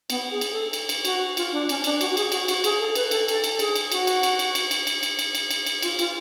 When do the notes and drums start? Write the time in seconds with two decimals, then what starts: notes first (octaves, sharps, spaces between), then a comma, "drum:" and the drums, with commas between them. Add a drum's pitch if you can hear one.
0.10 B3, drum: cymbal
0.31 G#4
0.41 drum: cymbal
0.52 A4
0.73 drum: cymbal
0.89 drum: cymbal
1.05 F#4, drum: cymbal
1.37 F4, drum: cymbal
1.52 D4
1.69 C#4, drum: cymbal
1.84 D4, drum: cymbal
2.01 F#4, drum: cymbal
2.12 F#4
2.17 G#4, drum: cymbal
2.32 F#4, drum: cymbal
2.48 F#4, drum: cymbal
2.64 G#4, drum: cymbal
2.80 A4
2.95 B4, drum: cymbal
3.11 A4, drum: cymbal
3.28 A4, drum: cymbal
3.44 drum: cymbal
3.59 G#4, drum: cymbal
3.75 drum: cymbal
3.92 F#4, drum: cymbal
4.07 drum: cymbal
4.23 drum: cymbal
4.39 drum: cymbal
4.55 drum: cymbal
4.71 drum: cymbal
4.87 drum: cymbal
5.03 drum: cymbal
5.19 drum: cymbal
5.35 drum: cymbal
5.51 drum: cymbal
5.66 drum: cymbal
5.82 F4, drum: cymbal
5.99 F4, drum: cymbal